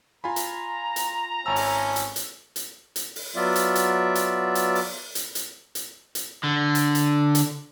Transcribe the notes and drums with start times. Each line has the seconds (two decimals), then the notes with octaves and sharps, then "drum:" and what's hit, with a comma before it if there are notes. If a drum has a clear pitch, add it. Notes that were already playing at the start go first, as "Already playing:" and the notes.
0.24 F4 G#5 A#5 B5
0.36 drum: hi-hat
0.96 drum: hi-hat
1.46 G#1 C#4 E4 A5 E6
1.56 drum: open hi-hat
1.96 drum: hi-hat
2.16 drum: hi-hat
2.56 drum: hi-hat
2.96 drum: hi-hat
3.16 drum: open hi-hat
3.36 F#3 B3 F4 D5 E5
3.55 drum: hi-hat
3.75 drum: hi-hat
4.15 drum: hi-hat
4.55 drum: hi-hat
4.75 drum: open hi-hat
5.15 drum: hi-hat
5.35 drum: hi-hat
5.75 drum: hi-hat
6.15 drum: hi-hat
6.43 D3
6.75 drum: hi-hat
6.95 drum: hi-hat
7.35 drum: hi-hat